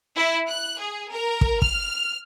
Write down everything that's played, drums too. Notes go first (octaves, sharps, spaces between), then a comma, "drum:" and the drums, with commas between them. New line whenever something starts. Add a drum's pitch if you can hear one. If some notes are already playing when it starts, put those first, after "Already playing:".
E4
F#6
G#4
A#4
drum: kick
F6, drum: kick